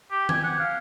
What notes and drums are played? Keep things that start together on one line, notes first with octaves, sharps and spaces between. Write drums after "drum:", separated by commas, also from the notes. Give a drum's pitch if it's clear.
G4
G#5, drum: tom D#3
F#5
F5